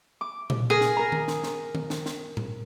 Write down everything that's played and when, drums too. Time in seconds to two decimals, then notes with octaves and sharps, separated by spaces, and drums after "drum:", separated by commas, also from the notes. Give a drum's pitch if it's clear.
0.21 D6
0.50 drum: tom A#2
0.70 G#4 A#4
0.81 drum: snare
0.97 A#4 A#5
1.12 drum: tom D#3
1.28 drum: snare
1.43 drum: snare
1.75 drum: tom D#3
1.90 drum: snare
2.06 drum: snare
2.37 drum: tom A2